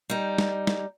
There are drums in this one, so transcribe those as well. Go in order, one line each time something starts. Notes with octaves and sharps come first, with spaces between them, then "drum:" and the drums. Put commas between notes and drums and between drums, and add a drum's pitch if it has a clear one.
G3 D#4
drum: snare
drum: snare